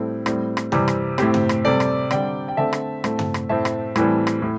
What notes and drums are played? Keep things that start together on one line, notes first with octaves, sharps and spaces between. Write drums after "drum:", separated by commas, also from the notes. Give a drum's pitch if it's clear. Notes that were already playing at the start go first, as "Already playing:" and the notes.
Already playing: A2 G3 C4 E4 A4
A2 G3 C4, drum: rim click
drum: rim click
C3 E3 G3 C4 G4, drum: tom
drum: rim click
A2 A3 C4 G4 C5, drum: rim click
drum: tom
drum: rim click
C3 G3 C4 A4 D5
drum: rim click
D3 G3 C4 D5 G5, drum: rim click
G5
D3 A3 C4 E5 A5
drum: rim click
A2 A3 C4, drum: rim click
drum: tom
drum: rim click
A2 A3 C4 E5 A5
drum: rim click
A2 E3 G3 C4, drum: rim click
drum: rim click
A2